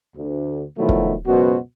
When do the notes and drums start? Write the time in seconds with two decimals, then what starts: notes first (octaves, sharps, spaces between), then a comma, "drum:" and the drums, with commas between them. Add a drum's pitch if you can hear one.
0.15 D2
0.78 B2 D#3 F3 F#3 A3 E4
0.89 drum: kick
1.27 C#2 F#2 B2 B3 F#4 C5